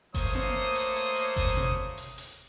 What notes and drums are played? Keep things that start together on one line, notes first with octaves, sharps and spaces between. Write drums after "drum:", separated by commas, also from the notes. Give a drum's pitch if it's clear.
A3 A#3 C5 C#5 D#6, drum: kick G1, open hi-hat
drum: tom A#3
drum: hi-hat
drum: hi-hat
drum: hi-hat
drum: kick G1, open hi-hat
drum: tom B2
drum: hi-hat
drum: hi-hat